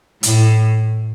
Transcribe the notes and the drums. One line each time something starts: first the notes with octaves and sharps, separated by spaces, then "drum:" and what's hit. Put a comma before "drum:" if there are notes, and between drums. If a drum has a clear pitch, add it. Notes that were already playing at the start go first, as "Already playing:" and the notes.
A2, drum: hi-hat